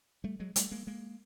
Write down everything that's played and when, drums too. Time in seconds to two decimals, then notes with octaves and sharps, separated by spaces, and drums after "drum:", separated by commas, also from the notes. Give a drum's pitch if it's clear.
0.24 G3 A3
0.40 F#3 G#3
0.56 G3 A3, drum: hi-hat
0.71 G#3 A#3
0.87 G#3 A#3